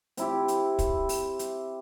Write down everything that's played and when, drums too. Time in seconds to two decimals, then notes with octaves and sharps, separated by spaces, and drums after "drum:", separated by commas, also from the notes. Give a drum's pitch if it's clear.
0.17 C4 E4 G4, drum: hi-hat
0.48 drum: hi-hat
0.79 drum: kick, hi-hat
1.09 drum: open hi-hat
1.39 drum: hi-hat